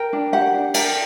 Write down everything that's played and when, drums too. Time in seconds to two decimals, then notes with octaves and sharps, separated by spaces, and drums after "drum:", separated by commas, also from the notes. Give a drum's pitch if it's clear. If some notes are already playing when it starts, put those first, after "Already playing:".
Already playing: A#4 G5
0.13 D4
0.33 G4 F#5
0.54 D4
0.74 A#4 G5, drum: cymbal